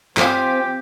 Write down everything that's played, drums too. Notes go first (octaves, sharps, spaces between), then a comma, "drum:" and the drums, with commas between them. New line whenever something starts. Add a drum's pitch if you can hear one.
C4 F4 G4 C5 F5 G#5 B6, drum: clap